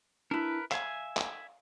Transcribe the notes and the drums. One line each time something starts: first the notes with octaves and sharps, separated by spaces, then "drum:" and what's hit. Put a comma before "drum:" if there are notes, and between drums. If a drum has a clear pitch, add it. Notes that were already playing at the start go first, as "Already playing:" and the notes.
D4 E4 A#4 B4
E5 F5 G#5, drum: clap
drum: clap